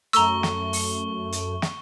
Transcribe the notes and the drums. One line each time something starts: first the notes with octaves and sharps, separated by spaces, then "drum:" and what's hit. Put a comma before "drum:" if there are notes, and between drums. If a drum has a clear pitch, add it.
F#2 A3 A#5 C#6 E6 G7, drum: hi-hat
drum: snare
drum: open hi-hat
drum: hi-hat
drum: snare